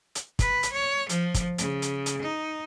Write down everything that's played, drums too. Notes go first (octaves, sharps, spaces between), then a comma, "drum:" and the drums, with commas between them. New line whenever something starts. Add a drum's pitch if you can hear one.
drum: hi-hat
B4, drum: kick, hi-hat
drum: hi-hat
C#5
F3, drum: hi-hat
drum: kick, hi-hat
C#3, drum: hi-hat
drum: hi-hat
drum: hi-hat
D#4